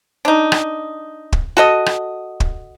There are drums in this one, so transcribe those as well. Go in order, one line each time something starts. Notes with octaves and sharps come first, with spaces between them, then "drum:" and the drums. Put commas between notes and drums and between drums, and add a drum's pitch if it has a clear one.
D4 D#4
drum: rim click
drum: kick
F#4 A4 D#5
drum: rim click
drum: kick